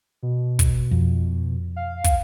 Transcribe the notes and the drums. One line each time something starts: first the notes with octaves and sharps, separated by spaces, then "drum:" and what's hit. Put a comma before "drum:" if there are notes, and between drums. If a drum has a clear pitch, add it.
B2
drum: kick, hi-hat
F2
F5
drum: kick, hi-hat